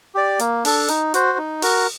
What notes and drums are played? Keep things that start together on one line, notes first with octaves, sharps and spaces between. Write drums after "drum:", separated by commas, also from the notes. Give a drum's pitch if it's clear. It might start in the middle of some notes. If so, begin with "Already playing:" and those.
G4 D5
A#3, drum: hi-hat
D4 A4, drum: open hi-hat
D#4, drum: hi-hat
F#4 C5, drum: hi-hat
D#4
F#4 A#4, drum: open hi-hat